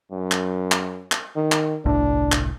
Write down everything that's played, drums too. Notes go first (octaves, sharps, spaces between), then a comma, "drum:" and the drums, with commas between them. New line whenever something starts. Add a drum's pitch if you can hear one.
F#2
drum: clap
drum: clap
drum: clap
D#3
drum: clap
G1 C2 A2 D4
drum: clap